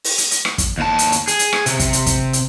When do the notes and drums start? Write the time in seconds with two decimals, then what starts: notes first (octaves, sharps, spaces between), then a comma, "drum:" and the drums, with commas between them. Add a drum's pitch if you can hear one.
0.04 drum: open hi-hat
0.18 drum: hi-hat
0.31 drum: hi-hat
0.45 drum: rim click
0.58 drum: kick, hi-hat
0.78 D#2 A5
0.99 drum: hi-hat
1.12 drum: hi-hat
1.28 G#4, drum: hi-hat
1.39 drum: hi-hat
1.53 drum: rim click
1.66 C3, drum: hi-hat
1.79 drum: kick, hi-hat
1.93 drum: hi-hat
2.06 drum: kick, hi-hat
2.33 drum: hi-hat